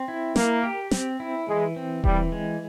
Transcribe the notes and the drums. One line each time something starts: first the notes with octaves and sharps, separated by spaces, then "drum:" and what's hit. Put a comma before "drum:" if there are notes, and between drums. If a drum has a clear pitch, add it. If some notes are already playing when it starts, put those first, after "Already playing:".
Already playing: C4
E4
A#3 A#4, drum: snare
G4
C4, drum: snare
E4
E3 G#3
C4
E3 G3, drum: kick D#1
G#3